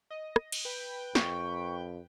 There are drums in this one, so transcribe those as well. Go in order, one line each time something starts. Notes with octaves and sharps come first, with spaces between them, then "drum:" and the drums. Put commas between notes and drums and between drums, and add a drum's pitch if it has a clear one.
D#5
drum: rim click
drum: cymbal
B4 G5
F2 C#6, drum: snare